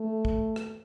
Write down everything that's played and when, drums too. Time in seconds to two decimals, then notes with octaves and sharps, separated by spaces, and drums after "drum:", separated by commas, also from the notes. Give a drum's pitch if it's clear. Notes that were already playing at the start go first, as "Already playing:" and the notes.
Already playing: A3
0.25 drum: kick
0.56 drum: rim click